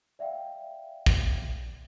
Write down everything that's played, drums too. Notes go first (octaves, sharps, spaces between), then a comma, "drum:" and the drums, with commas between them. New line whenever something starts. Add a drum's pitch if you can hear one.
D5 E5 F5 G5
drum: kick